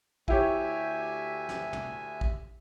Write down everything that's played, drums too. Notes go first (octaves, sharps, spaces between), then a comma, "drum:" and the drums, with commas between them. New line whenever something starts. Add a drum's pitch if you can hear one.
D2 E4 G4 C#5 E5 G#5, drum: kick
drum: snare
drum: tom
drum: kick